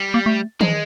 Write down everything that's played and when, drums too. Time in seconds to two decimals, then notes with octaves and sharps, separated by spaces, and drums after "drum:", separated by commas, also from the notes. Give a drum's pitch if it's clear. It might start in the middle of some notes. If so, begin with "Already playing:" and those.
Already playing: G3
0.14 A#3
0.26 A3
0.61 G#3, drum: tom D#3